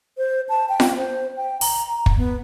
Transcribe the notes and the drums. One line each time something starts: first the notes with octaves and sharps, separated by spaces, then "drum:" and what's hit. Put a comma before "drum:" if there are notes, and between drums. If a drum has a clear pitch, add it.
C5
A5
G5
drum: snare F4
C5
G5
A#5, drum: open hi-hat
drum: kick
B3